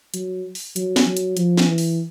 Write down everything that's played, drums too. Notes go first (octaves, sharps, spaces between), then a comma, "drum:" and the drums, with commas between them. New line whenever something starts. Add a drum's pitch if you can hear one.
F#3, drum: hi-hat
drum: open hi-hat
F#3, drum: hi-hat
drum: snare
F#3
drum: hi-hat
F3, drum: hi-hat
drum: snare
E3
drum: open hi-hat